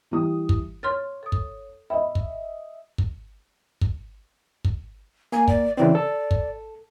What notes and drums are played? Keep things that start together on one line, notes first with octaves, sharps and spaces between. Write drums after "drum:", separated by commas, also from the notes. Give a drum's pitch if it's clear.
E3 G3 D#6
drum: kick
C#5 C6 F6 A6
A4 D#6
drum: kick
D#5 E5 B5
drum: kick
drum: kick
drum: kick
drum: kick
A#3 G#5
D5, drum: kick
C#3 E3 C4 D5
A4
drum: kick